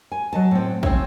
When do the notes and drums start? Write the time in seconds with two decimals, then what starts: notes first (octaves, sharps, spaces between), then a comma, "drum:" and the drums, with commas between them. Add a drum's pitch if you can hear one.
0.12 G#5
0.33 F#3 D#5 A5
0.51 A2 C4
0.83 C4 C#4 C#5 E5, drum: kick